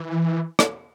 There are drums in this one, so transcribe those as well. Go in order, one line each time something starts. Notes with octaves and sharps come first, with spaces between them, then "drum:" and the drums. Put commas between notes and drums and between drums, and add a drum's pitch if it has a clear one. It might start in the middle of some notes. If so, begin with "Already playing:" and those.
Already playing: E3
drum: rim click